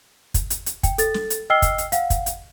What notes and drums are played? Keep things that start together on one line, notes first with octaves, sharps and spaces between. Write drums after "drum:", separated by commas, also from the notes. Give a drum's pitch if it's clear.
drum: kick, hi-hat
drum: hi-hat
drum: hi-hat
G5, drum: kick, hi-hat
A4 A6, drum: hi-hat
drum: snare
drum: hi-hat
D#5 G5 E6 F6 C7 G7
drum: kick, hi-hat
drum: hi-hat
F5 F#5, drum: hi-hat
drum: kick, hi-hat
drum: hi-hat